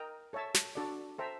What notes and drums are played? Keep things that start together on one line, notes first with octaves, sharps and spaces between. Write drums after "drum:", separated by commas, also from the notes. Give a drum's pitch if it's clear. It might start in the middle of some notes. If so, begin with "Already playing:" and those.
Already playing: A#4 D#5 G5 A#5
A4 C#5 E5 A5
drum: snare
D4 F#4 A4 D5
A4 C5 E5 G5 A#5